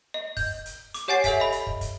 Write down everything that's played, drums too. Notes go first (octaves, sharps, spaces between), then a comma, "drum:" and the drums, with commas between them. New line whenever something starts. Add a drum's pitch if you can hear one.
D#5
G6, drum: kick, open hi-hat
drum: hi-hat
D6, drum: hi-hat
G4 C#5 F#5 G#5 A6 C7
A4 C#5 E5 G#5 B6, drum: kick, hi-hat
D#5 B5
drum: hi-hat
drum: kick
drum: kick, hi-hat